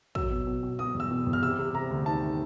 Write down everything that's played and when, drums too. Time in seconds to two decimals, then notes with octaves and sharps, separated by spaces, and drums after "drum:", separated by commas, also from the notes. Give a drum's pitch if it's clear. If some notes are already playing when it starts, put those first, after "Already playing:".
0.15 F#3 E6, drum: kick
0.31 B2
0.47 B2
0.63 B2
0.79 B2 D#6
0.95 E2
1.00 E6
1.11 B2
1.27 E2
1.33 F6
1.43 C3 E6
1.59 C3
1.75 C3 A#5
1.91 D2
2.06 D#3 A5